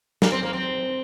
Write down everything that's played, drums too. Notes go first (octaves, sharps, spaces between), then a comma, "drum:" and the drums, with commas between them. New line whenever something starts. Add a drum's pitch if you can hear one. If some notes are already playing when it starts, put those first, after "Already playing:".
A#3, drum: snare
C4
A#3
C4